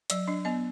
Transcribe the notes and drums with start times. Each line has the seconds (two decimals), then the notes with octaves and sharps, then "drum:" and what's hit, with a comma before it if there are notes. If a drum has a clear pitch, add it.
0.10 F#3 D5, drum: hi-hat
0.27 D4 D#5
0.45 B3 D#5